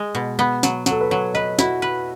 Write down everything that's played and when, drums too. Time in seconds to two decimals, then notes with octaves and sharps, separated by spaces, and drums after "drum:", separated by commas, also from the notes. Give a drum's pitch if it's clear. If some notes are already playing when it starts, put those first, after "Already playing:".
Already playing: G#3
0.15 B2
0.39 B3
0.63 F#3, drum: snare
0.86 F#3 A4, drum: snare
1.01 B4
1.10 F#3 C#5
1.34 B4 D#5
1.59 E4 F#4, drum: snare
1.82 B4